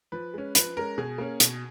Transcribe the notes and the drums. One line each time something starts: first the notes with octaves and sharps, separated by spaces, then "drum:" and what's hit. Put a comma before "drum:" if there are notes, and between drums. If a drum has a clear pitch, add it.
F3 B4
G#3 C#4
F3 B4, drum: hi-hat
G#3 C#4 A#4
B2 G#4
A#3 C#4
B2, drum: hi-hat